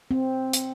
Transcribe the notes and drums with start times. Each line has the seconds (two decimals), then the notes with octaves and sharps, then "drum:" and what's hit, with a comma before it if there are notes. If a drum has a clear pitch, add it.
0.11 C4
0.53 drum: hi-hat